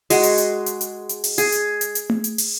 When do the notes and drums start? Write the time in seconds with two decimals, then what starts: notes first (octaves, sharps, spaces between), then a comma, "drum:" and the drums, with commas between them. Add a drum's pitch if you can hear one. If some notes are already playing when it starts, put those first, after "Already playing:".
0.10 G#3 F#4, drum: open hi-hat
0.23 drum: hi-hat
0.38 drum: hi-hat
0.66 drum: hi-hat
0.81 drum: hi-hat
1.09 drum: hi-hat
1.24 drum: open hi-hat
1.38 G#4, drum: hi-hat
1.52 drum: hi-hat
1.81 drum: hi-hat
1.95 drum: hi-hat
2.10 drum: tom A3
2.24 drum: hi-hat
2.38 drum: open hi-hat